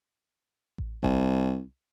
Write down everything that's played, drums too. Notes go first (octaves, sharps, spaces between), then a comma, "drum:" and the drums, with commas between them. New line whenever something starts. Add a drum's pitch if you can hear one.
drum: kick A1
C2, drum: kick A1